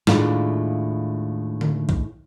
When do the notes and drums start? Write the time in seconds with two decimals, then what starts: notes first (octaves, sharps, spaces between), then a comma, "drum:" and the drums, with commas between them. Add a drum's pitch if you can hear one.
0.07 D#2 A2 G#3 D4 E4 F4, drum: snare
1.61 drum: tom D3
1.89 drum: kick B1